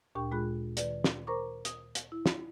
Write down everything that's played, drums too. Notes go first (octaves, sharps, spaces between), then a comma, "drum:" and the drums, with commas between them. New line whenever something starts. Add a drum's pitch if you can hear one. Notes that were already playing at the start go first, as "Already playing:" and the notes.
D2 A#2 D4 G4 G5 C#6
A#2 G#3 F4 G#4 B5 F#6
D#3 B4 D5, drum: hi-hat
drum: snare
A#4 C5 A#5 C#6 D6
D#6, drum: hi-hat
drum: hi-hat
E4
drum: snare